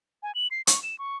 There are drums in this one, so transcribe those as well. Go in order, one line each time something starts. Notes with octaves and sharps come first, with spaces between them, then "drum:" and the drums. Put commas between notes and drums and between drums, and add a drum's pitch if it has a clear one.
G#5
F#7
C7
C#6, drum: hi-hat
E7
C#6